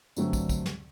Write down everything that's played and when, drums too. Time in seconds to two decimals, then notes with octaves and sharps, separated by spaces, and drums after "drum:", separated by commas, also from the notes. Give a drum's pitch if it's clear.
0.17 G2 D3 F#3 A3 C4, drum: tambourine
0.33 drum: kick, tambourine
0.49 drum: kick, tambourine
0.66 drum: snare